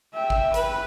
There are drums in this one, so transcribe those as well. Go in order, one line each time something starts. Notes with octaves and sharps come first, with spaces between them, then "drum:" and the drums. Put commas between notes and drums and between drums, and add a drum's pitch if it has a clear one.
E5 G5
drum: kick G#1
B4, drum: hi-hat